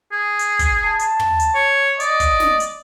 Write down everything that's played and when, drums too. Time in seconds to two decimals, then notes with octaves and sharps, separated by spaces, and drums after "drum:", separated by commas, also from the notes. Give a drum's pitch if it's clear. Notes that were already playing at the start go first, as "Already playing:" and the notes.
0.12 G#4
0.39 drum: hi-hat
0.59 drum: kick, hi-hat
0.84 A5
0.99 drum: hi-hat
1.19 drum: tom
1.40 drum: hi-hat
1.55 C#5
2.00 D5 D#5, drum: hi-hat
2.20 drum: kick, hi-hat
2.40 drum: snare
2.60 drum: hi-hat